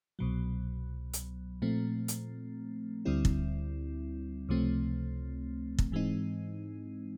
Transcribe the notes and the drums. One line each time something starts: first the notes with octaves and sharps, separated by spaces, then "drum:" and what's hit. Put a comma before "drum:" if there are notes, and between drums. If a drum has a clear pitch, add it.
C2 B2 F#3
drum: hi-hat
A#2 F3 A3 C4
drum: hi-hat
D2 D3 G3 C4 E4
drum: kick
C#2 C3 F3 A3 C4
drum: kick
G#2 E3 G#3 C4 D#4